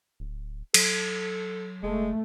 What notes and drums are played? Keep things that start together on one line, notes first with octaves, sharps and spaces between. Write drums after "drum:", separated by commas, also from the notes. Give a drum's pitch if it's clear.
D1
F#3 A4, drum: cymbal
F1 G#3 A3